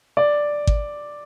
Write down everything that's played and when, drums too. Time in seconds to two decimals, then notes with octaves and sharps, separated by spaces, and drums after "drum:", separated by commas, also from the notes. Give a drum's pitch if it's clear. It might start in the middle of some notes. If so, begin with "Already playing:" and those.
0.17 D5
0.67 drum: kick G#1